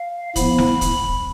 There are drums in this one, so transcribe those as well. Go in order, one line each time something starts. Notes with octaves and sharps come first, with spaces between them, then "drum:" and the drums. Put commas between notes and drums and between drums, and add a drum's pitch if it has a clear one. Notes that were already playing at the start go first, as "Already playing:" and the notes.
Already playing: F5
A2 F3 B3 B5, drum: kick, hi-hat
drum: snare
drum: kick, hi-hat
drum: kick